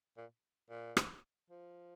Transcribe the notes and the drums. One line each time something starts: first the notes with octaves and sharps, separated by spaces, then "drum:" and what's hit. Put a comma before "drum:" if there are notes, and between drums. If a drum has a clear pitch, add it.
A#2
A#2
drum: rim click
F3